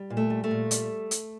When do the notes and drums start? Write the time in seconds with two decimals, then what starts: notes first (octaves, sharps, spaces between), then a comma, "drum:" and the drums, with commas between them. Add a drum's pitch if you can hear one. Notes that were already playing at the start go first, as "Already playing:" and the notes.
Already playing: G3
0.10 A#2
0.17 A3
0.30 G3
0.44 A3
0.51 A#2
0.71 G3, drum: hi-hat
1.11 drum: hi-hat